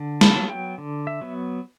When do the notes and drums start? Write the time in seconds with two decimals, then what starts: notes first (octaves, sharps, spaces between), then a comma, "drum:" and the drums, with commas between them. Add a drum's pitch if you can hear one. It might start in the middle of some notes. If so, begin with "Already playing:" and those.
Already playing: D3
0.21 A5, drum: snare
0.36 F#3 B3
0.50 G5
0.78 D3
1.07 E5
1.21 F#3 B3